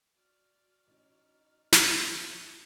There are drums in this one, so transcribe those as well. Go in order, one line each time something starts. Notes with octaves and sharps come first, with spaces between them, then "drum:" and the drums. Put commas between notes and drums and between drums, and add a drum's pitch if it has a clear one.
F#4 D5 F6
A1 C#4 D#4
drum: snare